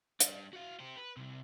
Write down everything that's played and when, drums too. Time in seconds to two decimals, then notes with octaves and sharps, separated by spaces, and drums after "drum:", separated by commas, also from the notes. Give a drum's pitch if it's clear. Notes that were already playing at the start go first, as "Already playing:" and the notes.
0.20 G3 D4, drum: hi-hat
0.53 F#4 F5
0.79 G4 C5
0.97 B4
1.17 C2 C3